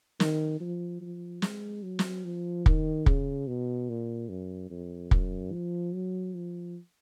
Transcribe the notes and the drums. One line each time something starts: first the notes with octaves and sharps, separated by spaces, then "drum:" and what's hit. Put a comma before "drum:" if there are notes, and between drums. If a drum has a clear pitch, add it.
D#3, drum: snare
F3
F3
G#3, drum: snare
F#3
drum: snare
F3
D#3, drum: kick
C#3, drum: kick
B2
A#2
F#2
F2
F#2, drum: kick
F3
F#3
F3